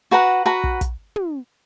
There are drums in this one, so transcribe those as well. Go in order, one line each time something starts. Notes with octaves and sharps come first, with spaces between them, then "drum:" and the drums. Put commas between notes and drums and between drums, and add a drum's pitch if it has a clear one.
F#4 B4 F#5 A#5
F#4 B4 F#5 A#5
drum: kick
drum: kick, hi-hat
drum: tom